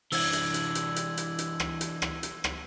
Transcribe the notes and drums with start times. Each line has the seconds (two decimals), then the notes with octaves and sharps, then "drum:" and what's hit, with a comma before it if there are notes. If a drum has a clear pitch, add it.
0.12 E3 D4 E6 G#6, drum: open hi-hat
0.33 drum: hi-hat
0.54 drum: hi-hat
0.75 drum: hi-hat
0.96 drum: hi-hat
1.17 drum: hi-hat
1.39 drum: hi-hat
1.60 drum: rim click
1.81 drum: hi-hat
2.02 drum: rim click
2.23 drum: hi-hat
2.44 drum: rim click